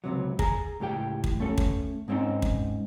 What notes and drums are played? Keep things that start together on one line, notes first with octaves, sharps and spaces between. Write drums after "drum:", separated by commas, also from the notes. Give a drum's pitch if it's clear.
C#2 F#2 C3 F#3
G#4 A#5, drum: kick
C#2 A2 G4 G5
drum: kick
A3 C#4 A4
drum: kick
G#2 G#3 C4 C#4 D#4
drum: kick